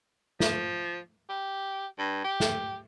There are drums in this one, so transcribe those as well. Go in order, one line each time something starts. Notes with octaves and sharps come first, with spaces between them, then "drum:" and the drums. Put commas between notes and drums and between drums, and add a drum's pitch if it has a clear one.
F3, drum: snare
G4
G2
G4
drum: snare